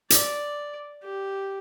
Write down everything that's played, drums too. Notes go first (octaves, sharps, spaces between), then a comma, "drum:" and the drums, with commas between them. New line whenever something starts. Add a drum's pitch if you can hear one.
D5, drum: hi-hat
G4